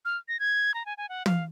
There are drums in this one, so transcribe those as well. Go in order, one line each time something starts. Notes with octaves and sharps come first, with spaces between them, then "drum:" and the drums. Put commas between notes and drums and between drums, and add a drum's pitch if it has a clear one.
F6
A#6
G#6
A#5
G#5
G#5
F#5
F5, drum: tom